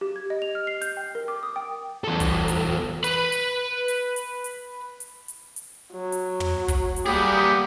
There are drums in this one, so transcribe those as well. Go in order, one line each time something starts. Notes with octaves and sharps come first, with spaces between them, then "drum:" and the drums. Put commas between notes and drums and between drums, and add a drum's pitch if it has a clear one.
G4
G#6
D#5
F7
F6
C7
G6, drum: hi-hat
G5
A#4
D6
D#6
G5
E2 A4
drum: kick, hi-hat
drum: hi-hat
B4 B5, drum: hi-hat
drum: hi-hat
drum: hi-hat
drum: hi-hat
drum: hi-hat
drum: hi-hat
drum: hi-hat
drum: hi-hat
F#3
drum: hi-hat
drum: tom
drum: kick, hi-hat
drum: hi-hat
G3 A#3 B3 G4 G#4